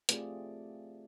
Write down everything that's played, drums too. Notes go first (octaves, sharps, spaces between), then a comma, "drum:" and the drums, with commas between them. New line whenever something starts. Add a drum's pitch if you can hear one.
A3 C4 F4 G4 G#4 D5, drum: hi-hat